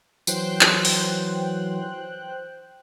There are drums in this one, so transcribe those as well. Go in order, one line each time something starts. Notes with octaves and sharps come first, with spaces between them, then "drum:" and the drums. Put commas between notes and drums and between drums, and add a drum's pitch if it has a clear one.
E3 F#3 C5 G5 F#6, drum: tambourine
drum: clap
drum: open hi-hat